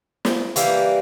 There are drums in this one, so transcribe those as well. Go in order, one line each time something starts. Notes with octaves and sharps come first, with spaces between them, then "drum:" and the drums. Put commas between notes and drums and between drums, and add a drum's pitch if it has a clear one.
drum: snare
E3 G3 A#3, drum: hi-hat